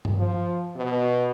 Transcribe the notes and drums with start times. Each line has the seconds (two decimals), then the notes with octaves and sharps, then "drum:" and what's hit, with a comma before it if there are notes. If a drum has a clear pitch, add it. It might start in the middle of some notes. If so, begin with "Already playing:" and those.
0.05 drum: tom G2
0.17 F3
0.76 B2